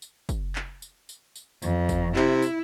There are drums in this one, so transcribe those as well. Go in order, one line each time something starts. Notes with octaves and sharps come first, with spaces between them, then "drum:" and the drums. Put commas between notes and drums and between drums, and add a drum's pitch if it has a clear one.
drum: tambourine
drum: kick, tambourine
drum: clap
drum: tambourine
drum: tambourine
drum: tambourine
F2, drum: tambourine
drum: kick, tambourine
C3 E4, drum: clap
drum: tambourine